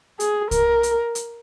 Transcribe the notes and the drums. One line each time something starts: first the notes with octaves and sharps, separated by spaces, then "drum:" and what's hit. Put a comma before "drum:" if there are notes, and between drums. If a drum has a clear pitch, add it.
G#4, drum: hi-hat
A#4, drum: kick C2, hi-hat
drum: hi-hat
drum: hi-hat